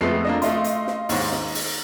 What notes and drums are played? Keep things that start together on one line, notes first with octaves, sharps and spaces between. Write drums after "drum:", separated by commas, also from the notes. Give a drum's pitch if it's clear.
F2 G#3 A3 B3 C7
A#3 D4 D#5
A3 F4 D#5 F5 C6, drum: hi-hat
drum: hi-hat
drum: snare
D#2 G#2, drum: open hi-hat
drum: snare
drum: open hi-hat